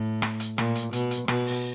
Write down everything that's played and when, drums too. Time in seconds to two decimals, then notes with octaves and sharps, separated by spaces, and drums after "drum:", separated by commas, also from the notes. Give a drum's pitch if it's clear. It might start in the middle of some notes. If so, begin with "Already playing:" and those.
Already playing: A2
0.22 drum: rim click
0.40 drum: hi-hat
0.58 A#2, drum: rim click
0.75 drum: hi-hat
0.93 B2, drum: hi-hat
1.11 drum: hi-hat
1.28 B2, drum: rim click
1.46 drum: open hi-hat